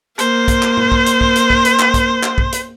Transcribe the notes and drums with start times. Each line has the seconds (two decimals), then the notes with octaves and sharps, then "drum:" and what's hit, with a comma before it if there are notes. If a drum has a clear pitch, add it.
0.19 A#3 C5, drum: hi-hat
0.48 drum: kick, hi-hat
0.62 drum: clap
0.77 drum: tom
0.92 drum: kick
1.06 drum: hi-hat
1.21 drum: kick
1.36 drum: hi-hat
1.50 drum: kick
1.65 drum: hi-hat
1.79 drum: clap
1.94 drum: kick, hi-hat
2.23 drum: clap
2.38 drum: kick
2.52 drum: hi-hat